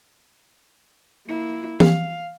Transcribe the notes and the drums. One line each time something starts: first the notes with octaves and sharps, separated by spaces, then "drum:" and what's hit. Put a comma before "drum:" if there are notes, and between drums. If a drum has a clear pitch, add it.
A#3 E4
F5, drum: tom E3